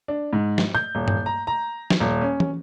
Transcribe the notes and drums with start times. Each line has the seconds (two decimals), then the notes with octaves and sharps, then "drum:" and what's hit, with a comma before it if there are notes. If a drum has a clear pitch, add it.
0.08 D4
0.33 G#2
0.58 drum: snare
0.75 G6
0.95 D#1
1.08 drum: tom G2
1.26 A#5
1.47 A#5
1.90 drum: snare
2.00 D#1
2.21 C#4
2.40 drum: tom